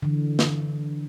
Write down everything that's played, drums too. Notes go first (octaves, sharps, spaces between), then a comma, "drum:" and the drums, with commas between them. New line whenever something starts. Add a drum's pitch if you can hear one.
D3 E3
drum: snare